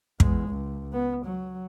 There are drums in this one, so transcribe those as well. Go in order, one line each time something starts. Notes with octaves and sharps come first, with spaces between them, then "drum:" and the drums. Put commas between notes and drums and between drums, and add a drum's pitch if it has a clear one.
E2 G#3, drum: kick
C#2
B3
F#3